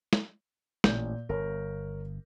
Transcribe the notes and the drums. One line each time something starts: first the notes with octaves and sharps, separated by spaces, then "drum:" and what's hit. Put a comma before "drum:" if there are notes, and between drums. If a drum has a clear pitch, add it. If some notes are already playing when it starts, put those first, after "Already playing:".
drum: snare
A1 A#2 G6, drum: snare
G1 A#4 C#5